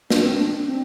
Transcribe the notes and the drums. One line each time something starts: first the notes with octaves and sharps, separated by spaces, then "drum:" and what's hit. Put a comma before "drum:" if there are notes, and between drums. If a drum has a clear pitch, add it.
D4, drum: snare
C4
D4
C4